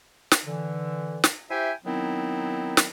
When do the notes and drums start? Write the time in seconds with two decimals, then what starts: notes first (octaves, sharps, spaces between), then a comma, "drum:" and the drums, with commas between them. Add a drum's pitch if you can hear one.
0.31 drum: snare
0.45 D3 E3
1.24 drum: snare
1.50 E4 G4 C5 E5 G5 G#5
1.85 D#3 F#3 B3 C4 D#4 E4
2.77 drum: snare